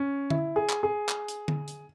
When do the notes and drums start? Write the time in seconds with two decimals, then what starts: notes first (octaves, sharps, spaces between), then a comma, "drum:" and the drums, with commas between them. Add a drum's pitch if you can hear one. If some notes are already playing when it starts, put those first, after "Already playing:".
Already playing: C#4
0.30 E4, drum: tom D3
0.56 G#4
0.69 drum: clap
0.83 G#4
1.09 drum: clap
1.28 drum: hi-hat
1.48 drum: tom D3
1.68 drum: hi-hat